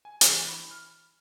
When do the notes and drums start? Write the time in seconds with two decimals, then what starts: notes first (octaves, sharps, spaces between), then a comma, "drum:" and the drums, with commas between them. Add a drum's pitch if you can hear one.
0.05 G#5
0.21 E3, drum: hi-hat
0.49 B5
0.71 F6